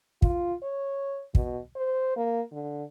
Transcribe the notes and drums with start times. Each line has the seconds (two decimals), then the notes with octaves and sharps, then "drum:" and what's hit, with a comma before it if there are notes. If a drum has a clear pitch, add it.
0.22 F4, drum: kick
0.63 C#5
1.35 B2, drum: kick
1.76 C5
2.16 A#3
2.52 D3